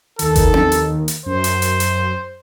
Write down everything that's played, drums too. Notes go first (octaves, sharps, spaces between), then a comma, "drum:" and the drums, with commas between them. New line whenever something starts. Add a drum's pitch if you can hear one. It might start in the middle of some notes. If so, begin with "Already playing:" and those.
D#2 D#3 A4, drum: hi-hat
drum: kick G1, hi-hat
drum: tom C4
drum: hi-hat
drum: hi-hat
F#2 C5
drum: hi-hat
drum: hi-hat
drum: hi-hat